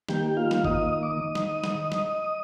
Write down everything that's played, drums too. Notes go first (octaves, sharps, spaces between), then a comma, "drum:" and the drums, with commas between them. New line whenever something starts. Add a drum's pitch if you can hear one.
D#3 A#3 G4 G5, drum: snare
G5
F4 F5
drum: snare
D#3 A#3 D#5 D#6, drum: kick G1
D#6
D6
D#5 D#6
D#3
drum: snare
drum: snare
drum: snare